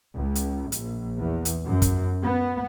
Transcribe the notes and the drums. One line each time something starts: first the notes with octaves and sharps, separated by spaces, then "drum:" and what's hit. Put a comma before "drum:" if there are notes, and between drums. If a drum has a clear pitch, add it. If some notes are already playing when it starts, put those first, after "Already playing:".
C#2
drum: hi-hat
A#1, drum: hi-hat
E2
drum: hi-hat
F#2
drum: kick, hi-hat
B3